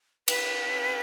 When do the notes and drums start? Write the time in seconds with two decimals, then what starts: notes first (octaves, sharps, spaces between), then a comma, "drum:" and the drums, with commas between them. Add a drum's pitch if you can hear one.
0.28 B4, drum: cymbal